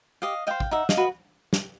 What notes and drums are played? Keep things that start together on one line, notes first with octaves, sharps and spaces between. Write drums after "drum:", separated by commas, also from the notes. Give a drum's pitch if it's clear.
G4 D#5 F5
C5 D#5 F5 G5
drum: kick
D#4 E5 F#5
D#5 F5, drum: snare
F#4 B4
drum: snare